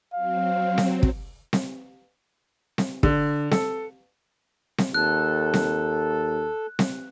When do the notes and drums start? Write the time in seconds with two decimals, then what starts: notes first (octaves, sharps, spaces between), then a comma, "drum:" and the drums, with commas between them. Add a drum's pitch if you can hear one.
0.14 F#3 C4 F5
0.78 drum: snare C4
1.03 drum: kick
1.53 drum: snare C4
2.78 drum: snare C4
3.03 D3, drum: kick
3.51 A4, drum: snare C4
4.78 drum: snare C4
4.94 D#2 A4 F#6
5.54 drum: snare C4
6.79 drum: snare C4